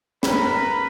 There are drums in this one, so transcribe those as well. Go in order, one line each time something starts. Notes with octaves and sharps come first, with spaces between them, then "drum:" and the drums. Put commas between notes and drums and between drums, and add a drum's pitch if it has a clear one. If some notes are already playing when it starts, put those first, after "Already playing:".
A#4 B4 B5, drum: snare